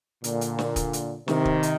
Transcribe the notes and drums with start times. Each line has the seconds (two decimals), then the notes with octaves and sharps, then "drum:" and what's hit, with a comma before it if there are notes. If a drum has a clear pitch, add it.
0.24 A#2 D3, drum: hi-hat
0.41 drum: hi-hat
0.59 drum: snare
0.76 drum: kick, hi-hat
0.93 drum: hi-hat
1.28 C3 D#3, drum: snare
1.45 drum: kick
1.63 drum: hi-hat